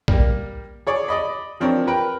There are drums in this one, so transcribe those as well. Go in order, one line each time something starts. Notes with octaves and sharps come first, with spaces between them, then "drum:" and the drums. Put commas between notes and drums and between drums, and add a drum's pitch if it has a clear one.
G3 A#3, drum: kick B1
G#4 C#5 D5
D5 D#5 B5
F3 C4 D4 A#4 C#5
A#4 B4 G5